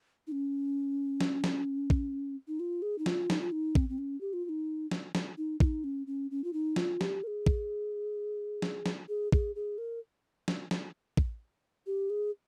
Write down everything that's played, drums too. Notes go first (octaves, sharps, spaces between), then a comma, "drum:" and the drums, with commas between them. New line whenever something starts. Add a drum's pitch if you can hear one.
D#4
C#4
drum: snare
drum: snare
drum: kick
D#4
F4
G#4
D#4
F4, drum: snare
D#4, drum: snare
F4
D#4
C4, drum: kick
C4
C#4
G4
F4
F4
D#4
drum: snare
drum: snare
D#4
F4, drum: kick
D#4
C#4
C#4
C#4
F4
D#4
F4, drum: snare
G4, drum: snare
A#4
G#4
drum: kick
drum: snare
drum: snare
G#4
G#4, drum: kick
G#4
A#4
drum: snare
drum: snare
drum: kick
G4
G#4